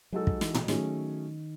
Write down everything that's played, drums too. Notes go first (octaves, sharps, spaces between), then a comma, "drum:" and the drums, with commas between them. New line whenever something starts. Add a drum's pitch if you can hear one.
F#3 G#3 D#4 F#4 A4
drum: kick
E3, drum: snare
drum: tom
D#3 F#3 A3 C#4 G#4 C#5, drum: snare